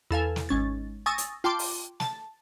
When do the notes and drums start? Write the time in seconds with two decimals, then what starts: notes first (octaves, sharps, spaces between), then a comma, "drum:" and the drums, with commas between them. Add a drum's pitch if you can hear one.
0.11 E2 A4 F5 G#5
0.36 drum: snare
0.49 G#1 C#4 A6
1.06 G#5 C#6 D#6 E6 A6 A#6
1.18 drum: hi-hat
1.44 F4 G5 A5 C6 D6
1.59 drum: open hi-hat
2.00 A5, drum: snare